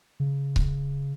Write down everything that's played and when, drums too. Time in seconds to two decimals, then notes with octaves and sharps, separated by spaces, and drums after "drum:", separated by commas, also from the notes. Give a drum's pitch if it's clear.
0.20 C#3
0.56 drum: kick C#1